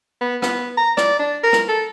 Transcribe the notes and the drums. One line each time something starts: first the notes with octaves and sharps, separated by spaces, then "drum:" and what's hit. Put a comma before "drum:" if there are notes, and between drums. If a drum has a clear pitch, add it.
B3
B3, drum: rim click
A#5
D5, drum: rim click
D4
A#4
drum: rim click
A4